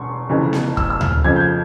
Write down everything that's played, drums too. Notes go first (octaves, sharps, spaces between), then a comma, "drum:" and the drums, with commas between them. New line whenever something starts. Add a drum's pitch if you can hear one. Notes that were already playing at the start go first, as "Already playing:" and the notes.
Already playing: E1 E2 C6 C#6
F1 F2 C#3 E3
drum: snare B3
E6, drum: kick
E6
F6, drum: tom D2
F2 C#3 F3 G#6
G6
G#6